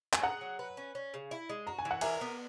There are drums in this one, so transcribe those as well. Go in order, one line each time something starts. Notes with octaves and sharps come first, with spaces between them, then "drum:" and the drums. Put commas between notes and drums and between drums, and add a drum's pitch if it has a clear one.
G#5, drum: clap
G#4 F#5 A#5
F#3
B4
C#4
C#4
C#3
E4
G#3
F#4 A#5
G#5
E3
F#5
A#4 E5 G#5, drum: cymbal
B3